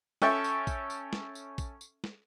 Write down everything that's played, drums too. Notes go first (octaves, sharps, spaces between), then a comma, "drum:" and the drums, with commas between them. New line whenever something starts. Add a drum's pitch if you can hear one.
C#4 A4 E5 G5 A5 C#6, drum: snare
drum: tambourine
drum: kick, tambourine
drum: tambourine
drum: snare
drum: tambourine
drum: kick, tambourine
drum: tambourine
drum: snare